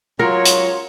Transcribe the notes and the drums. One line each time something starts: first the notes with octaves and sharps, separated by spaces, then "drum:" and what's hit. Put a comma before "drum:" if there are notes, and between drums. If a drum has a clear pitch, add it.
F#3 G#3 C#4 F4 A#4 C#5
drum: hi-hat